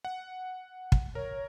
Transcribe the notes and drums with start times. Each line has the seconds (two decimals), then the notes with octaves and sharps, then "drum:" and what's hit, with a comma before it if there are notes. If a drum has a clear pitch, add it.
0.05 F#5
0.92 drum: kick
1.15 A#4 C#5